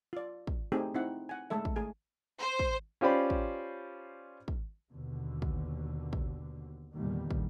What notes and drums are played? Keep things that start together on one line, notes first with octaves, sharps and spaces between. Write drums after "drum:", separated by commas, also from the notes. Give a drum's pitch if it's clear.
F4 D5
drum: kick
A3 C4 D#4 G4 G#4
C4 D#4 E4 F#5
F#5 G#5
G#3 A3 A4 E5
drum: kick
A3 G#4 G#5
C5
drum: kick
C#4 F4 G4 C5 D5 B5
drum: kick
drum: kick
D#2 B2 D3
drum: kick
drum: kick
E2 A#2 D3 D#3 G3
drum: kick